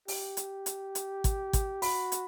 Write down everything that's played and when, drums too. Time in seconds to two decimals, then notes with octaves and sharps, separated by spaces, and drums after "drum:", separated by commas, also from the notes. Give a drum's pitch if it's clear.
0.08 G4, drum: open hi-hat
0.37 drum: hi-hat
0.66 drum: hi-hat
0.95 drum: hi-hat
1.24 drum: kick, hi-hat
1.53 drum: kick, hi-hat
1.82 F#4 B5, drum: open hi-hat
2.12 drum: hi-hat